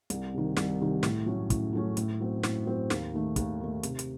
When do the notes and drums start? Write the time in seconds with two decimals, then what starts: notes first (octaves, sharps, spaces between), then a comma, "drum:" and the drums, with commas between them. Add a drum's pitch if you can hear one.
0.10 C2, drum: hi-hat
0.34 C3 D#3
0.57 C2, drum: snare
0.80 C3 D#3
1.03 A2, drum: snare
1.26 F#3 A3 C#4
1.50 A2, drum: kick, hi-hat
1.73 F#3 A3 C#4
1.97 A2, drum: hi-hat
2.20 F#3 C4
2.43 A2, drum: snare
2.66 F#3 C4
2.90 D#2, drum: snare
3.14 D#3 A3
3.36 D#2, drum: kick, hi-hat
3.60 D#3 A3
3.83 C3, drum: hi-hat
3.99 drum: hi-hat